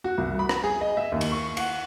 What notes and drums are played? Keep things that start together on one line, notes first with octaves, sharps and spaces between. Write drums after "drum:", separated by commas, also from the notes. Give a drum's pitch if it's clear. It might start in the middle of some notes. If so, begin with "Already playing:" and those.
F#4
C2
B5
drum: rim click
G#4
D#5
E5
D#2
drum: cymbal
C#6
F#5, drum: cymbal